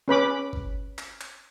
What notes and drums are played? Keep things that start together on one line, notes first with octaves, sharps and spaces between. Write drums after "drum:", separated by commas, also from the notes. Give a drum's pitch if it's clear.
C#4 B4 B5 D6
drum: kick G1
drum: clap
drum: clap